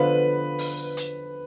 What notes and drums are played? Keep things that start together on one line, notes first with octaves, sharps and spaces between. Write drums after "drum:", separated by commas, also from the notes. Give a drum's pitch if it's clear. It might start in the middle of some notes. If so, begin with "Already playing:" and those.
Already playing: D3 F3 B3 F4 B4
drum: open hi-hat
drum: hi-hat